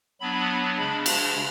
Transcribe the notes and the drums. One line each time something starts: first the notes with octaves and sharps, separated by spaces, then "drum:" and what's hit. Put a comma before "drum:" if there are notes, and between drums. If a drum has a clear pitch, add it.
F#3 B3 D4 B5
C#3 G#3 D4 B5
A5, drum: cymbal